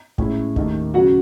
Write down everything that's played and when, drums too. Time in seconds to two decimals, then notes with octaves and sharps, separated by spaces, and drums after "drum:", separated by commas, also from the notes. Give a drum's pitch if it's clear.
0.18 A2 G#3 C#4 E4, drum: kick G1
0.56 D#2 D#3 A3 D#4, drum: kick G1
0.94 C#3 F#3 C#4 F#4 F#5